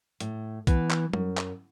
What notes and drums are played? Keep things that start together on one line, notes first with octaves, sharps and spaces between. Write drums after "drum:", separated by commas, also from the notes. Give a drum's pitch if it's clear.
A2, drum: hi-hat
E3 B3, drum: kick B1, hi-hat
drum: clap
F#2, drum: tom
drum: clap